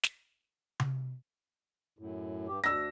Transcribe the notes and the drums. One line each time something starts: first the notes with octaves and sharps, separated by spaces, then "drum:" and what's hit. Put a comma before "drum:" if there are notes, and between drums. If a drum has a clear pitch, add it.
drum: snare
drum: tom C3
F#2 A2
G2 G4
D2 D4 E6 A#6